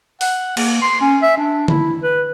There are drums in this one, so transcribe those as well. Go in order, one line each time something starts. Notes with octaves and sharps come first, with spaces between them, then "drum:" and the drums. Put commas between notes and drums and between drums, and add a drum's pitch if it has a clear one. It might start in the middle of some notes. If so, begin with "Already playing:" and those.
F#5, drum: open hi-hat
A#3, drum: cymbal
C6
C#4
E5
D4
E4, drum: tom D3
B4